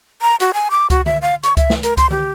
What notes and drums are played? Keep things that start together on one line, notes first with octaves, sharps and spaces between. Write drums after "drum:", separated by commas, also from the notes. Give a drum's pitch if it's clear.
A#5
F#4, drum: hi-hat
G#5
D6
F#4, drum: kick C#2, hi-hat
E5, drum: tom D3
F5
C#6, drum: hi-hat
E5, drum: kick C#2, hi-hat
drum: snare
A#4, drum: hi-hat
C6, drum: kick C#2, hi-hat
G4, drum: tom D3